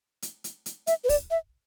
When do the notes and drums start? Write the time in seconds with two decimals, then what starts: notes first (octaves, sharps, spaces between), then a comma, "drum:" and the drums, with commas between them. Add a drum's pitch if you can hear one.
0.22 drum: hi-hat
0.44 drum: hi-hat
0.66 drum: hi-hat
0.87 E5, drum: hi-hat
1.04 B4
1.09 D5, drum: kick, open hi-hat
1.31 E5